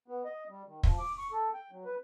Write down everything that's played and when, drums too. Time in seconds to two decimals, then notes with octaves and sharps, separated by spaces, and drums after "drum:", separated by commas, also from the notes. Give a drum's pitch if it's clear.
0.08 B3
0.25 D#5
0.49 G3
0.66 D#3
0.83 F3, drum: kick
0.98 D6
1.18 C#6
1.32 A4
1.54 G5
1.71 F#3
1.85 B4